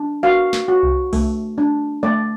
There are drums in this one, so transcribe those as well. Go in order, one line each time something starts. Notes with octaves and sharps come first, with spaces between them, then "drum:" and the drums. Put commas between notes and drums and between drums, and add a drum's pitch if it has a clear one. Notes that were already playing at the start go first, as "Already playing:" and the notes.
Already playing: D4
F#4 F5
drum: snare
F#4
drum: kick C2
A3, drum: kick C2, open hi-hat
D4
A3 D5